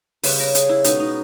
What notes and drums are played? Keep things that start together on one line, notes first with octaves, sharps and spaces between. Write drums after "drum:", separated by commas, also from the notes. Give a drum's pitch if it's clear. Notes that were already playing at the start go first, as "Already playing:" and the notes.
C#3 G3 C#4 B4, drum: open hi-hat
A#4
G#4, drum: hi-hat
E4
B2 G#3 C#4 D#4, drum: hi-hat
D#4